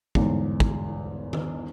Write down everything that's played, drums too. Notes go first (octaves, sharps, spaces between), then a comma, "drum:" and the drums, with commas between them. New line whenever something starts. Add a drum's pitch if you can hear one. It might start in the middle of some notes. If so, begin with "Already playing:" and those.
G1 E2 G#2, drum: kick
drum: kick
drum: tom D#3